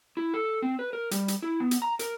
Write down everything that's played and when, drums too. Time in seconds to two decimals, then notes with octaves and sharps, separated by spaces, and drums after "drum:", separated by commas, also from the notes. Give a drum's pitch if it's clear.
0.17 E4
0.34 A4
0.62 C4
0.79 B4
0.93 A#4
1.11 G3, drum: hi-hat
1.28 drum: hi-hat
1.42 E4
1.60 B3
1.71 drum: hi-hat
1.82 A#5
1.99 A#4, drum: hi-hat